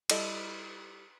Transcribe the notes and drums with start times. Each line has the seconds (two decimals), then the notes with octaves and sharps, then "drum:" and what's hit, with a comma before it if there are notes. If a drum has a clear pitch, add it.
0.10 G3 E4 A4 D#5, drum: cymbal